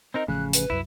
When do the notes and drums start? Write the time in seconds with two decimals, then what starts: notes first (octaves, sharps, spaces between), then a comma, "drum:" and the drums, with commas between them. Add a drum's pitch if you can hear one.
0.14 C4 D#4 A#4 D#5
0.28 A1 C#3 F3 A3 F#6
0.53 B4, drum: hi-hat
0.70 C2 F#2 F#3 E4